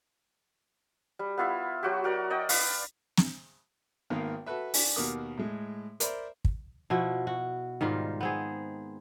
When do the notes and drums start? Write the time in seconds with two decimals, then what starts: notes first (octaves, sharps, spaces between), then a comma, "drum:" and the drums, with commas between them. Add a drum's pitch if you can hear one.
1.19 G3
1.38 B3 E4 F4 E5
1.83 F#3 F#4 G4
2.04 F#4 A#4 D5
2.30 D5 D#5 G5
2.49 B4 D5 F5, drum: open hi-hat
3.18 drum: snare
4.10 G#1 D#3 A#3 B3 F5
4.46 F#4 A4 B4 E5
4.74 D4 G#5, drum: open hi-hat
4.96 D#2 B2 F#4 A#4 D6 D#6
5.37 A2 G#3
6.00 A#4 C5 D5 E5 B5, drum: hi-hat
6.45 drum: kick
6.90 B2 F3 E4 F#4
7.27 F#4
7.81 G#2 D#3 G3 F4
8.21 B3 C4 G#4